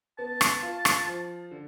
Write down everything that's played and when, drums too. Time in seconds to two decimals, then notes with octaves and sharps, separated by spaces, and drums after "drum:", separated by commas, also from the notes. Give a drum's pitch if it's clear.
0.18 B3 A5
0.41 drum: rim click
0.62 F4
0.85 drum: rim click
1.07 F3
1.51 D3